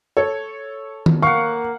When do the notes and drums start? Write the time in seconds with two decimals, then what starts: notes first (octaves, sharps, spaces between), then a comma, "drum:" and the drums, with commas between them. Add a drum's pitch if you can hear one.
0.17 A4 C#5
1.06 drum: tom D#3
1.22 A#3 F5 F#5 C#6